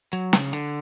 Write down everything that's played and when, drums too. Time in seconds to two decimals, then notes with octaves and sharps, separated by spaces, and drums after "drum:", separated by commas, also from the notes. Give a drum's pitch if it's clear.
0.13 F#3
0.33 C#3, drum: snare
0.53 D3